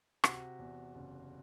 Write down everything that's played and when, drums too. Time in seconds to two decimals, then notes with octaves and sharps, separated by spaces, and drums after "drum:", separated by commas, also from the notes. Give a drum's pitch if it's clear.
0.24 C3 F#4, drum: rim click
0.59 E2
0.95 F#1